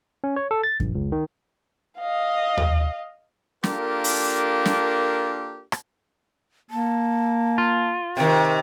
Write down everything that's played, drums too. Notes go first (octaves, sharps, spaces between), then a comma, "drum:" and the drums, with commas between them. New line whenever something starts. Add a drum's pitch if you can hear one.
C#4
C#5
A4
A6
A#1, drum: kick F#2
C#2
D#3
D#5 F5
drum: tom D#2
A#3 D4 F4 G4 A4 A#4, drum: snare
drum: open hi-hat
drum: snare
drum: rim click
A#3 A5
F4
C3 D#3 G5